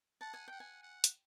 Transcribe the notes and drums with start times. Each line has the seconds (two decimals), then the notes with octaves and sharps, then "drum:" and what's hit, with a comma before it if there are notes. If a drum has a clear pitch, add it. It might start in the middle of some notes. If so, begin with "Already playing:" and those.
0.21 F#5 A5
0.34 G#5
0.48 F#5 G5
0.60 G#5
0.83 F#5
1.04 drum: hi-hat